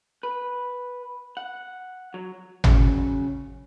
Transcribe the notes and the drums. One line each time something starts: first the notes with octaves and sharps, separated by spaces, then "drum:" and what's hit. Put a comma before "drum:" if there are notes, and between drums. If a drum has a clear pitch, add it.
B4
F#5
F#3
C#3 F#3, drum: tom G#1